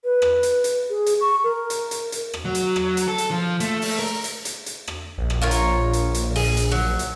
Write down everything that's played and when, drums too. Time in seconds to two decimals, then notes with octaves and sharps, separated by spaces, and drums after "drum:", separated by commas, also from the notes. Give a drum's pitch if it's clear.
0.04 B4
0.22 drum: rim click
0.43 drum: hi-hat
0.64 drum: hi-hat
0.90 G#4
1.06 drum: hi-hat
1.21 C#6
1.44 A#4
1.70 drum: hi-hat
1.91 drum: hi-hat
2.12 drum: hi-hat
2.33 drum: rim click
2.45 F#3
2.55 drum: hi-hat
2.76 drum: rim click
2.97 drum: hi-hat
3.08 A4
3.18 drum: hi-hat
3.31 F3
3.60 A3, drum: hi-hat
3.82 drum: open hi-hat
3.99 A#4
4.24 drum: hi-hat
4.45 drum: hi-hat
4.66 drum: hi-hat
4.87 drum: rim click
5.18 A#1
5.30 drum: rim click
5.42 F4 A#4 C#5
5.51 drum: hi-hat
5.93 drum: hi-hat
6.15 drum: hi-hat
6.36 G#4, drum: open hi-hat
6.57 drum: hi-hat
6.72 F#3
6.99 drum: hi-hat